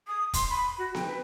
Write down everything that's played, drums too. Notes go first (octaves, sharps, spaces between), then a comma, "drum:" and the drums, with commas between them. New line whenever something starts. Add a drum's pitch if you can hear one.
D#6
C6, drum: kick, hi-hat
B5
F#4
G5, drum: snare B3
B4